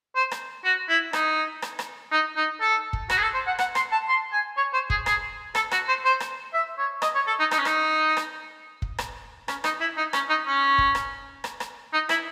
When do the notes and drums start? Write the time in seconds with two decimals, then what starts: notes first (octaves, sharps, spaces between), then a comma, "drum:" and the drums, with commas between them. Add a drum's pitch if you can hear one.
0.15 C5
0.31 drum: rim click
0.64 F#4
0.89 E4
1.13 D#4, drum: rim click
1.62 drum: rim click
1.79 drum: rim click
2.11 D#4
2.36 D#4
2.60 A4
2.93 drum: kick
3.10 F#4, drum: rim click
3.17 G#4
3.22 A4
3.34 C5
3.46 F#5
3.59 F#5, drum: rim click
3.75 C6, drum: rim click
3.91 A5
4.08 C6
4.32 G#5
4.57 C#5
4.73 C5
4.90 G#4, drum: kick
5.06 G#4, drum: rim click
5.55 A4, drum: rim click
5.71 F#4, drum: rim click
5.88 C5
6.04 C5
6.20 drum: rim click
6.53 E5
6.78 C#5
7.02 D#5, drum: rim click
7.15 C#5
7.27 A4
7.39 D#4
7.51 D#4, drum: rim click
7.58 C#4
7.65 D#4, drum: rim click
8.17 drum: rim click
8.82 drum: kick
8.98 drum: rim click
9.48 C#4, drum: rim click
9.64 D#4, drum: rim click
9.80 E4
9.97 D#4
10.13 C#4, drum: rim click
10.29 D#4
10.46 C#4
10.78 drum: kick
10.95 drum: rim click
11.44 drum: rim click
11.60 drum: rim click
11.93 D#4
12.09 E4, drum: rim click